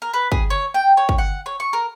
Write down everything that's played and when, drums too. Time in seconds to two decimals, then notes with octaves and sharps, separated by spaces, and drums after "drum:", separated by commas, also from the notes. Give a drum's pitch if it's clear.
0.02 A#4
0.14 B4
0.32 G#4, drum: kick
0.50 C#5
0.74 G5
0.97 C#5
1.09 drum: kick
1.18 F#5
1.46 C#5
1.60 C#6
1.73 A#4